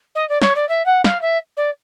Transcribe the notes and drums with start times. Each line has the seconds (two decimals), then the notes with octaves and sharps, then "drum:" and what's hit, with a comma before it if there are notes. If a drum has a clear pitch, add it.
0.15 D#5
0.29 D5
0.42 C#5, drum: snare
0.56 D5
0.69 E5
0.86 F#5
1.04 F5, drum: snare
1.22 E5
1.57 D5